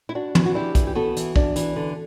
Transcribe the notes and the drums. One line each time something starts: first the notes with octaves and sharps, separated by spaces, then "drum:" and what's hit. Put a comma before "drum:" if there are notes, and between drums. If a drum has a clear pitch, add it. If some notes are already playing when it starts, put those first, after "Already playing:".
E4
D4 F#4
E3, drum: tom
F#4
D4 E4 G4
E3, drum: kick, hi-hat
G4
B3 F#4 A4
E3, drum: hi-hat
D4, drum: kick
E3, drum: hi-hat
D3